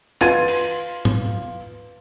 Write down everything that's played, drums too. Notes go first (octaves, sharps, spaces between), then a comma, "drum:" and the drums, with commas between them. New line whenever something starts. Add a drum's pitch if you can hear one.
F4 B4 C6 G#6 A6 D#7, drum: clap
drum: cymbal
drum: tom